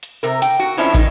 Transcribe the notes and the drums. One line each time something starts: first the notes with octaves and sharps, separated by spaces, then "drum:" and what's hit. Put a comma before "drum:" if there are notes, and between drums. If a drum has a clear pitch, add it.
drum: hi-hat
C3 A#4
G5, drum: hi-hat
F#4
F2 F3 B3 C#4 D4 E4
D#3 D#4, drum: kick, hi-hat